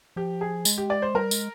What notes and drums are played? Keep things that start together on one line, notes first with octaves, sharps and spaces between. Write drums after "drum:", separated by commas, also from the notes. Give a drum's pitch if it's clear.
F3 G4
G#4
G#3, drum: tambourine
G4
D5
C5
G3 A#4
G#3, drum: tambourine